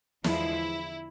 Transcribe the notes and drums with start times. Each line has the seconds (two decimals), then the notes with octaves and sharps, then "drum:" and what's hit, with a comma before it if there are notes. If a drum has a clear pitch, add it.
0.24 E2 D3 F3 G#3 E4, drum: snare